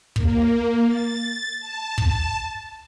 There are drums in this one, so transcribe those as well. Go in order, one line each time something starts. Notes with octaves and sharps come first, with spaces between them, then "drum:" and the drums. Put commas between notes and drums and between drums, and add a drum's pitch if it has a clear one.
A#3, drum: kick
A6
A5
drum: kick